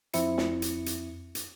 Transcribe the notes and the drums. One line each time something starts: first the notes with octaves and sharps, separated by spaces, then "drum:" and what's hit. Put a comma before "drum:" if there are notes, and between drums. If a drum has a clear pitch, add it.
F2 C4 E4 C#7, drum: hi-hat
drum: snare
drum: hi-hat
drum: hi-hat
drum: hi-hat